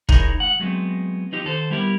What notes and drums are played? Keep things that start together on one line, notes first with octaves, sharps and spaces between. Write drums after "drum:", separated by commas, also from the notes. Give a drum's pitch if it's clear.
D#4 E4 G#4 A#4 C#5, drum: kick
C#2 F#5
F#3 G#3 A3 B3 C4
F3 B3 D#4 F4 G4
D#2 A4 C5
G3 B3 E4 G4 A#4